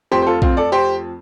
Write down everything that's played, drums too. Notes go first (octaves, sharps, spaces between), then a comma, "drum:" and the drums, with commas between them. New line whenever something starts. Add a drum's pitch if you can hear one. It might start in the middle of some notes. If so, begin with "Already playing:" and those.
F2 F3 A3 G4 C5
C5
F4 A4
C4 F4, drum: kick A#1
A4 D5
G4 C5